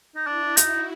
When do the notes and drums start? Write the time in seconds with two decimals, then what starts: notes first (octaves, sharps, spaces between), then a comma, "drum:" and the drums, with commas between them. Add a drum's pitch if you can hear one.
0.16 D#4
0.27 D4 E4
0.57 D#4 F#4, drum: hi-hat